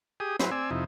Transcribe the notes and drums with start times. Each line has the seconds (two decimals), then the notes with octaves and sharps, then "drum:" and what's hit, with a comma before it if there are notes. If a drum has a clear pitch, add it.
0.20 G4 G#4 D#6
0.39 F#3 E4 B4 C5, drum: snare
0.51 C4 D5 G#5 E6
0.71 F2 C3 D#4 E4